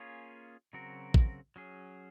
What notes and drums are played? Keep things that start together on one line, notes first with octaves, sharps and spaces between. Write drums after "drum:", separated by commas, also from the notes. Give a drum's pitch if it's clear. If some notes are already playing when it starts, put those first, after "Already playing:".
Already playing: A#3 C#4 F4 G#4 C#5
C#3 F#3 C4 F#4 A#4
drum: kick A1
F#3 C#4 G#4